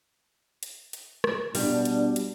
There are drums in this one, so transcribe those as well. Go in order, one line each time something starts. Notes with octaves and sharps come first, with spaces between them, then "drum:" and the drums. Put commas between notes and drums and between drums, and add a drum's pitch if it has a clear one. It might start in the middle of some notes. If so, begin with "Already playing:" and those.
drum: hi-hat
drum: hi-hat
drum: rim click
B2 G3 D4, drum: open hi-hat
drum: hi-hat
drum: hi-hat